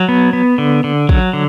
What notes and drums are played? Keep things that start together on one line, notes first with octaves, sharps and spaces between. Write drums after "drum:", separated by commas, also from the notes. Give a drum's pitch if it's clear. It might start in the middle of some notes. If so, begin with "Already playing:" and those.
Already playing: F#3
B3
B3
D3
D3
F#3, drum: kick
D3